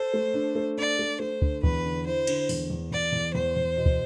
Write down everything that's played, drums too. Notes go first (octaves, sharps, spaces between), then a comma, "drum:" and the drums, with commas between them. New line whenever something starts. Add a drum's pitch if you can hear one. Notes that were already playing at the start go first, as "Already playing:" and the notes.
Already playing: A4 C5
A3
D4
A3
D4 D5
A3
A3 C5
D3, drum: kick
E2 B4, drum: kick
D3
E4 C5
D3, drum: cymbal
E2, drum: open hi-hat
E2
E2 D5
E2
E2 C5
E2
B2
drum: kick